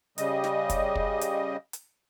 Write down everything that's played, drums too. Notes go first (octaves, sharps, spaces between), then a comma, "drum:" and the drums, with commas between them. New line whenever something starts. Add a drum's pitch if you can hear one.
C#3 G3 D#5, drum: hi-hat
drum: snare
drum: kick, hi-hat
drum: kick
drum: hi-hat
drum: hi-hat